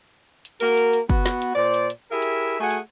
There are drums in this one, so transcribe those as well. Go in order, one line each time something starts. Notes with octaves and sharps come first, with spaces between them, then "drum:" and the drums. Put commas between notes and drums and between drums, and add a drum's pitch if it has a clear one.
drum: hi-hat
A#3 F#4 A#4, drum: hi-hat
drum: hi-hat
drum: hi-hat
B3 F#4, drum: kick
drum: snare
drum: hi-hat
A#2 C5 D5
drum: hi-hat
drum: hi-hat
E4 G4 G#4 A#4 E5
drum: hi-hat
A3 F#4 G#4 F#5 G#5
drum: hi-hat